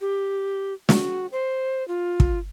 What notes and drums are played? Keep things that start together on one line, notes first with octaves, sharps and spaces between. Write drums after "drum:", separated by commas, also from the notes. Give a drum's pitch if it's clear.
G4
F#4, drum: snare
C5
F4
drum: kick